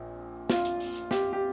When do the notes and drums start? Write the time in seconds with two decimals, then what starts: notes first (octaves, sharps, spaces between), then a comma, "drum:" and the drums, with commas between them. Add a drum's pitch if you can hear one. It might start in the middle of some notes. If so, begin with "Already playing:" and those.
Already playing: A#1 A#2
0.50 F4, drum: snare
0.65 drum: hi-hat
0.80 drum: open hi-hat
0.96 drum: hi-hat
1.11 G4, drum: snare
1.33 G4